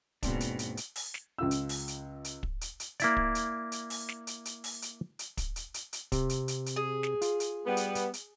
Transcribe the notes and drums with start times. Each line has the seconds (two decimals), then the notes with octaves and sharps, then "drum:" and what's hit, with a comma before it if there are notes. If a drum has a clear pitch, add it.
0.23 D#2 G#2 B2 C4 D4, drum: kick, hi-hat
0.40 drum: hi-hat
0.59 drum: hi-hat
0.77 drum: hi-hat
0.96 drum: open hi-hat
1.14 drum: snare
1.38 C#2 F4 E6
1.51 drum: hi-hat
1.69 drum: open hi-hat
1.88 drum: hi-hat
2.24 drum: hi-hat
2.43 drum: kick
2.61 drum: hi-hat
2.80 drum: hi-hat
3.00 A#3 E4 D5, drum: hi-hat
3.17 drum: kick
3.35 drum: hi-hat
3.72 drum: hi-hat
3.90 drum: open hi-hat
4.09 drum: snare
4.27 drum: hi-hat
4.45 drum: hi-hat
4.64 drum: open hi-hat
4.82 drum: hi-hat
5.19 drum: hi-hat
5.37 drum: kick, hi-hat
5.56 drum: hi-hat
5.74 drum: hi-hat
5.93 drum: hi-hat
6.12 C3, drum: kick, hi-hat
6.29 drum: hi-hat
6.48 drum: hi-hat
6.66 drum: hi-hat
6.76 G#4
7.03 drum: snare
7.21 F4, drum: hi-hat
7.40 drum: hi-hat
7.66 G3 B3
7.77 drum: hi-hat
7.95 drum: hi-hat
8.14 drum: hi-hat